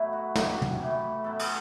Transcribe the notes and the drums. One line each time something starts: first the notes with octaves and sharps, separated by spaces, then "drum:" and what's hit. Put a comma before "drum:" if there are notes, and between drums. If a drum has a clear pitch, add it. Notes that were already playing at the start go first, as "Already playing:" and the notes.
Already playing: A2 F#3 A3 B3 E4
F#4
G2 F#3 A3 G4, drum: snare
drum: tom
A2 E3 A3
A2 F#3 B3 A4
A4, drum: cymbal